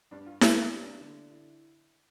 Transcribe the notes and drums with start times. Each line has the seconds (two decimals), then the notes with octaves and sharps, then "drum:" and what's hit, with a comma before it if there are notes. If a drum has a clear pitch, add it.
0.11 G2 D4
0.26 F4
0.41 G2 G4, drum: snare E4
0.56 F4
0.71 G3 D4
1.01 D3
1.31 E4